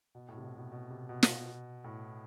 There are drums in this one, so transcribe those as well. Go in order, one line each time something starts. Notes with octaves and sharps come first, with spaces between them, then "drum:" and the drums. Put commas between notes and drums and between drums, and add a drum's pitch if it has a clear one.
B2
A2
C3
B2
B2
B2
C3
B2
drum: snare
A2